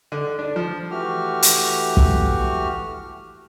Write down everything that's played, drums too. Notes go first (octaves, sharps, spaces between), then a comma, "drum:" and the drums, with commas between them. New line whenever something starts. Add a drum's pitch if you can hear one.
D3
D4
F3
E3 A3 F#4 G4 F6
drum: hi-hat
drum: kick